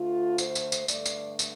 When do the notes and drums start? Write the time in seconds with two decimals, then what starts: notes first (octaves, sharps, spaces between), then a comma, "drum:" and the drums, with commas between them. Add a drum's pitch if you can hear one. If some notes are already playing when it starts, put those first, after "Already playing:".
Already playing: D2 D3 A3 F4
0.38 C5, drum: tambourine
0.55 drum: tambourine
0.72 drum: tambourine
0.88 G2 D3 A3 D5, drum: tambourine
1.06 drum: tambourine
1.39 drum: tambourine